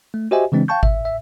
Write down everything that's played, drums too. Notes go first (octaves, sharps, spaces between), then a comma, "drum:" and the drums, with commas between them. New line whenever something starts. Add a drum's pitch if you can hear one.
A3
F#4 G4 C5 D#5 E5 G#5
C#3 E3 G#3 C4 D4
F5 G5 A5 C#6 G6
E5, drum: kick G#1
E5